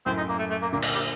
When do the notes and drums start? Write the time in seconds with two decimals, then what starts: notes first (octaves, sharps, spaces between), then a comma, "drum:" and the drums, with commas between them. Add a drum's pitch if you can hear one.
0.06 F#2 A2 C4
0.17 D#4
0.29 A#3
0.39 A3
0.50 A3
0.62 A#3
0.73 A#2 D3 A#3
0.82 drum: cymbal
0.94 G3